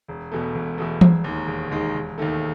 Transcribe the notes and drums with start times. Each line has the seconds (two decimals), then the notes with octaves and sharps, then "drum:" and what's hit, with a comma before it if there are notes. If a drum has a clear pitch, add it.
0.08 E1
0.32 E2 B2 A3
0.55 E1
0.78 E2 B2 A3
1.01 E1, drum: tom E3
1.24 D#2 D#3 G#3
1.48 E1
1.71 D#2 D#3 G#3
1.94 E1
2.18 D#2 D#3 A3